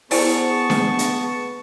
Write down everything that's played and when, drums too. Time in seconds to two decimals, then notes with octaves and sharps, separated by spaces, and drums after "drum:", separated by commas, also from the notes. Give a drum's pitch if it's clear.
0.11 B3 E4 G#4 C5 D5 A5 C#6, drum: open hi-hat
0.70 drum: snare D4
0.99 drum: hi-hat